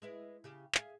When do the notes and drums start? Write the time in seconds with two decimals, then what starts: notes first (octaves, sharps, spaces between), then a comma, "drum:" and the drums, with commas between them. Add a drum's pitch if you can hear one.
0.02 G#3 E4 B4
0.44 C#3 G4
0.75 G#4 E5 F5, drum: clap